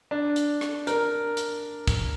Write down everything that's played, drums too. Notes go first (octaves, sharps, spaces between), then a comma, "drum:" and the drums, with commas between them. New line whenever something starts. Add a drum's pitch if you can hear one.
D4
drum: hi-hat
drum: rim click
A#4, drum: hi-hat
drum: hi-hat
drum: kick, hi-hat